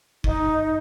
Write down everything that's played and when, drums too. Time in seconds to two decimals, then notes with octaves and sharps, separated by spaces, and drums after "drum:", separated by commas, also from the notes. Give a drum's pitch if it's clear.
0.24 D#4, drum: kick